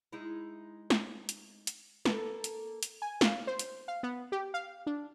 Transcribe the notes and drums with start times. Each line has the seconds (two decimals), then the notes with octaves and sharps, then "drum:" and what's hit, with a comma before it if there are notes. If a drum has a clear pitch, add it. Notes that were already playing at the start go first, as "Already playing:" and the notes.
0.13 G#3 D#4 E4
0.90 drum: snare
1.29 drum: hi-hat
1.67 drum: hi-hat
2.05 A#3 A4 B4, drum: snare
2.44 drum: hi-hat
2.83 drum: hi-hat
3.02 G#5
3.21 F5, drum: snare
3.47 C5
3.59 drum: hi-hat
3.88 F5
4.03 B3
4.32 G4
4.54 F5
4.87 D4